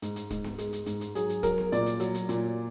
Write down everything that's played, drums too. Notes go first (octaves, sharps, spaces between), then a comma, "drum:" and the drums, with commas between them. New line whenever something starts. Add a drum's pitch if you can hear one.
G#2, drum: hi-hat
drum: hi-hat
G#2, drum: kick, hi-hat
drum: snare B3
G#3, drum: hi-hat
drum: hi-hat
G#2, drum: hi-hat
drum: hi-hat
F#3 G#4, drum: hi-hat
drum: hi-hat
F#3 A#4, drum: kick, hi-hat
drum: snare B3
A#2 D5, drum: hi-hat
drum: hi-hat
F#3, drum: hi-hat
drum: hi-hat
A#2, drum: hi-hat